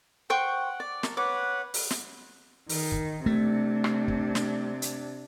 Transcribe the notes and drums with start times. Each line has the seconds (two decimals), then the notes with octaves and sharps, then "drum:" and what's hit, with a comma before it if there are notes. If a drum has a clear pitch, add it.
0.30 C5 F#5 G5 C#6
0.80 D5
1.03 A#4 A5 C#6, drum: snare
1.17 B4 C#5 F#5 D6
1.74 drum: open hi-hat
1.90 drum: snare
2.69 D#3, drum: open hi-hat
2.92 drum: kick
3.26 C3 A3 D4
3.84 drum: rim click
4.08 drum: kick
4.35 drum: snare
4.82 drum: hi-hat